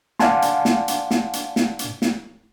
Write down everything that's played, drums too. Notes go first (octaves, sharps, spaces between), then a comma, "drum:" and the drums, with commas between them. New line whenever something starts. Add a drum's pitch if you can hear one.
D5 F5 F#5 G#5 A5 C6, drum: snare
drum: hi-hat
drum: snare
drum: hi-hat
drum: snare
drum: hi-hat
drum: snare
drum: hi-hat
drum: snare